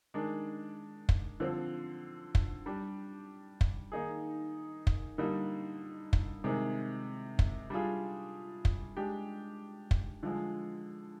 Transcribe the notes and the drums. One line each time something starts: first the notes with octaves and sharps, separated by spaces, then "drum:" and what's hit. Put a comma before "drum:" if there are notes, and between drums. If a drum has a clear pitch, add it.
D#3 G#3 D4
drum: kick
D3 F3 C4
drum: kick
G3 D4 G4
drum: kick
D#3 A#3 D#4 G#4
drum: kick
D3 G3 A#3 D#4
drum: kick
C3 D#3 G#3
drum: kick
G3 D4 F4 G#4
drum: kick
G#3 D4 G4
drum: kick
D3 F3 G#3